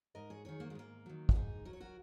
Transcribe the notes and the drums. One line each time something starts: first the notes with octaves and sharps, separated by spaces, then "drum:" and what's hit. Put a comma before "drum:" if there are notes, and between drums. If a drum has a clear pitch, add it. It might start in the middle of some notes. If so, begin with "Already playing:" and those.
G#2 A#4 D#5
G#4 C#5
D#3 F#3 G#4 C#5
A#3
G#3
G#2 A#3
D#3 F#3
F#4, drum: kick
G#2 D#4 G#4
F#3 A#4
C#5
F#4 A#4